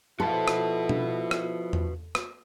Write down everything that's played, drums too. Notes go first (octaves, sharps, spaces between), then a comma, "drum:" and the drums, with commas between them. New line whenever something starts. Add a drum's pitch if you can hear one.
F3 E4 F#4 A4 B4 F#5
drum: rim click
drum: tom B2
drum: rim click
drum: tom E2
drum: rim click